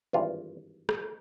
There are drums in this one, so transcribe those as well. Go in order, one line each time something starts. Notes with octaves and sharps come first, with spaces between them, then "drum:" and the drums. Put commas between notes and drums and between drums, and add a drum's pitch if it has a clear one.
G#1 G2 E3 F4
drum: rim click